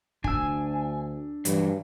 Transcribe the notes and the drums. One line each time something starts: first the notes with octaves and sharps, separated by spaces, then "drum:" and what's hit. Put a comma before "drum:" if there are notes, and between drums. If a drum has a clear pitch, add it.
D2 D4 G#5 E6, drum: kick
G2 E3 F#3, drum: hi-hat